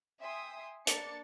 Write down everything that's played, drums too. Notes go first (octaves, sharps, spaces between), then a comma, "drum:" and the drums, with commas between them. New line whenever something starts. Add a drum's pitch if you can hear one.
E5 G5 G#5 C6 D#6
A#3 D4 A6 C#7, drum: hi-hat